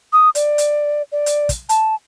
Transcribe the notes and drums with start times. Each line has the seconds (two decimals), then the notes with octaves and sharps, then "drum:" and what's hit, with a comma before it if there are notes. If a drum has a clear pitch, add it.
0.13 D#6
0.35 D5, drum: hi-hat
0.58 drum: hi-hat
1.12 D5
1.26 drum: hi-hat
1.49 drum: kick, hi-hat
1.69 A5, drum: hi-hat